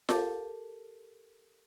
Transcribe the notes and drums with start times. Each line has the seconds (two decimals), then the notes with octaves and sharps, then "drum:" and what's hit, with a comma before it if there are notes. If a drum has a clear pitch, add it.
0.09 G4 A4 A#4 A5 D6, drum: snare F4